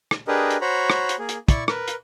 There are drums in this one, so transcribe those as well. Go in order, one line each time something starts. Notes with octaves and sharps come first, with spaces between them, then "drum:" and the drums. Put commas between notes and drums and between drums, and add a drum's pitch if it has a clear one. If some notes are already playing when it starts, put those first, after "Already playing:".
drum: rim click
D4 G4 G#4 A#4 B4 D#5
drum: hi-hat
F#4 C5 C#5 A#5 B5
drum: rim click
drum: hi-hat
A#3 G#4
drum: hi-hat
E4 D5 C#6, drum: kick, hi-hat
A#4 B4, drum: rim click
drum: hi-hat